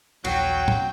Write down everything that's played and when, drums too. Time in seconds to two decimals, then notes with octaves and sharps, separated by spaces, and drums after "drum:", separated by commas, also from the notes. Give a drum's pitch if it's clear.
0.25 A#1 D#2 F#3 F#4 G5 C7, drum: cymbal
0.68 drum: tom A2